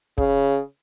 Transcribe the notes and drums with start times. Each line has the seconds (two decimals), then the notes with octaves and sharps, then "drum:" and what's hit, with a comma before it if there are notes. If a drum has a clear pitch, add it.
0.18 C#3, drum: kick